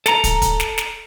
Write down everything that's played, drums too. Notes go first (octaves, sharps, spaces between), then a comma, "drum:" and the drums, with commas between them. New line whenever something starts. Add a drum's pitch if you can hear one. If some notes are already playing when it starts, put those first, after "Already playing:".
A4 A#5, drum: snare
drum: kick, hi-hat
drum: kick, hi-hat
drum: snare
drum: snare